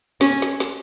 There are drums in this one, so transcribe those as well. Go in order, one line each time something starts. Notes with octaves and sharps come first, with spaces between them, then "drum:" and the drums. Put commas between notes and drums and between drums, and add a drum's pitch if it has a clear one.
C#4, drum: snare
drum: snare
drum: snare